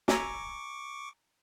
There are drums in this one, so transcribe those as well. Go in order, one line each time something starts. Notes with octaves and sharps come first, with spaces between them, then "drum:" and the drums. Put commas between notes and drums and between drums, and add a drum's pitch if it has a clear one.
E5 G#5 A#5 C#6 D6, drum: snare